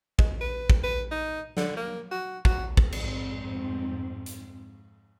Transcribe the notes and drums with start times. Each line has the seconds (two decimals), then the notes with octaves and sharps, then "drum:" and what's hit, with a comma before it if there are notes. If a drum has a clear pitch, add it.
0.19 G#3, drum: kick
0.41 B4
0.70 drum: kick
0.83 B4
1.11 D#4
1.57 D3, drum: snare
1.77 A#3
2.11 F#4
2.45 F#4, drum: kick
2.77 drum: kick
2.92 F2 G#2 C4, drum: cymbal
4.26 drum: hi-hat